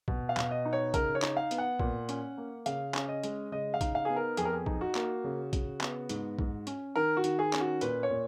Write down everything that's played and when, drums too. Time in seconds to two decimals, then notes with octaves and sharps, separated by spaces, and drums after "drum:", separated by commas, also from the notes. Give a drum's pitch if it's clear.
0.08 B2, drum: kick
0.29 F5
0.37 B2, drum: clap
0.51 D#5
0.65 D#4
0.73 C#5
0.94 C#3 A#4, drum: kick, hi-hat
1.15 C#5
1.22 D#4, drum: clap
1.37 F5
1.51 B3, drum: hi-hat
1.58 F#5
1.80 A#2, drum: kick
2.09 C#4, drum: hi-hat
2.37 A#3
2.66 C#3 F5, drum: hi-hat
2.94 C#4, drum: clap
3.08 D#5
3.23 G#3, drum: hi-hat
3.52 C#3 D#5
3.74 F5
3.81 D#4, drum: kick, hi-hat
3.95 F5
4.05 B3 G#4
4.16 A#4
4.37 F2 G#4, drum: hi-hat
4.45 A#4
4.53 G#4
4.66 D#4, drum: kick
4.81 F#4
4.95 A#3, drum: clap
5.24 C#3
5.53 C#3, drum: kick, hi-hat
5.81 B3, drum: clap
6.09 G#2, drum: hi-hat
6.39 G#2, drum: kick
6.67 C#4, drum: hi-hat
6.96 D#3 A#4
7.17 F#4
7.24 D#3, drum: hi-hat
7.39 G#4
7.53 C#4, drum: clap
7.60 F#4
7.81 A#2 B4, drum: hi-hat
8.03 C#5
8.10 A#2